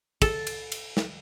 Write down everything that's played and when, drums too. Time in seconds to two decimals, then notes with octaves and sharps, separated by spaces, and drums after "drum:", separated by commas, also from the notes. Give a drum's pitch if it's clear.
0.22 A4, drum: kick, cymbal
0.47 drum: cymbal
0.72 drum: cymbal
0.97 drum: snare